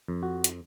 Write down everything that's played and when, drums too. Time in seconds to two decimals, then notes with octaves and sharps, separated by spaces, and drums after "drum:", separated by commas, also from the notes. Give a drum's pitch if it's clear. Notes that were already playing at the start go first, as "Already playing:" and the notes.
0.08 F2
0.23 F#4
0.44 drum: hi-hat